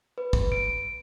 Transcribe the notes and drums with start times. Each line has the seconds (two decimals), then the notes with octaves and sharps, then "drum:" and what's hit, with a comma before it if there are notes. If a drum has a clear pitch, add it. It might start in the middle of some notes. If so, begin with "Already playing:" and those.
0.18 B4
0.33 drum: kick
0.52 D7